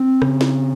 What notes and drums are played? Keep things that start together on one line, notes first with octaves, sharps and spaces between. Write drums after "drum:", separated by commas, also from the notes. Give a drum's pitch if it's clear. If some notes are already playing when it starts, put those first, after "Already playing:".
Already playing: C4
C#3, drum: rim click
drum: snare